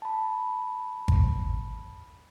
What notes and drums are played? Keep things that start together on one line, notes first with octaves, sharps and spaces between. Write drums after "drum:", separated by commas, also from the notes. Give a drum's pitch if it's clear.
A5 B5
drum: kick G#1